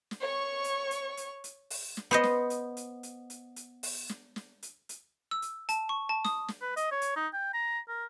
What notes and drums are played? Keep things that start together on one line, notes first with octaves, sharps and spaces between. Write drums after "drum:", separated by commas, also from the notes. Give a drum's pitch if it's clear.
drum: snare
C#5 C#6
drum: hi-hat
drum: hi-hat
drum: hi-hat
drum: hi-hat
drum: open hi-hat
drum: snare
B3 C5 D#5
drum: snare
drum: hi-hat
drum: hi-hat
drum: hi-hat
drum: hi-hat
drum: hi-hat
drum: open hi-hat
drum: snare
drum: snare
drum: hi-hat
drum: hi-hat
E6
drum: hi-hat
A5, drum: hi-hat
C#6
A5
D#6, drum: snare
drum: snare
B4
D#5, drum: hi-hat
C#5
drum: hi-hat
D#4
G5
A#5
A#4